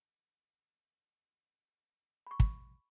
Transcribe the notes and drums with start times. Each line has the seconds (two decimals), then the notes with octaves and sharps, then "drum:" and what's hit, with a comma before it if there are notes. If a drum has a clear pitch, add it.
2.27 B5 C#6
2.40 drum: kick